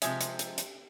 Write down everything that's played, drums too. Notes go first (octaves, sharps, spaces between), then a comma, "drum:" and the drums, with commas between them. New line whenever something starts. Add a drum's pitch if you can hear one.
C3 F3 G#3 E5, drum: hi-hat
drum: hi-hat
drum: hi-hat
drum: hi-hat